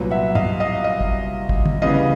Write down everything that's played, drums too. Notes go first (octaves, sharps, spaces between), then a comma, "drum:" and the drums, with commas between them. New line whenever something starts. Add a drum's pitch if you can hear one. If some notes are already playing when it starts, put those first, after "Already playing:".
Already playing: C2 A#2 F#3 B3
E5 F#5
D#5 F5, drum: tom
D#5 F5
D#5 F5
drum: kick
drum: kick
drum: tom
D2 C#3 E3 G3 B3 D#5 F5